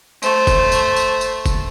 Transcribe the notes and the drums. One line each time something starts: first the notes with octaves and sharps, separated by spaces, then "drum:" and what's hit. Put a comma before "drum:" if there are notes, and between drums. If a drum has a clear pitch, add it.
A3 C5, drum: tambourine
drum: kick, tambourine
drum: tambourine
drum: tambourine
drum: tambourine
drum: kick, tambourine